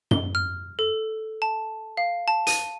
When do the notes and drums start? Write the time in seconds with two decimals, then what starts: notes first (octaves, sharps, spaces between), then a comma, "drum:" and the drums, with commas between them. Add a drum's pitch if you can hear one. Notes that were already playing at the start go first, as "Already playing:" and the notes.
0.11 G7, drum: tom F#2
0.35 F6
0.79 A4
1.42 A5
1.97 F5
2.28 A5
2.47 D#7, drum: hi-hat